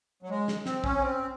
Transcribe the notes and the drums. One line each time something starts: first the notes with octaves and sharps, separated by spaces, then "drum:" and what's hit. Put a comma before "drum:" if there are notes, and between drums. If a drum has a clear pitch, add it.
F#3
G#3
drum: snare
C4, drum: snare
C#4, drum: kick A#1
C4